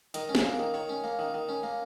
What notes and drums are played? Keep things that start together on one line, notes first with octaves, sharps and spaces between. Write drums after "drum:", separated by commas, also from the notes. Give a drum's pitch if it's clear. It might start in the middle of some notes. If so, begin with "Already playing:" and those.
D#3 D#5, drum: hi-hat
C#4
A#4, drum: snare
A#3
D#3 A#4
D#3 C#5
C#4
A#3
D#3
D#3
C#4
A#3